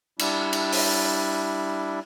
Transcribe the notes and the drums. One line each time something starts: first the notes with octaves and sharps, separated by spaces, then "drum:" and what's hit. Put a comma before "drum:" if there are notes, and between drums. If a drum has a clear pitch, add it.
G3 D4 E4, drum: cymbal
drum: cymbal
drum: open hi-hat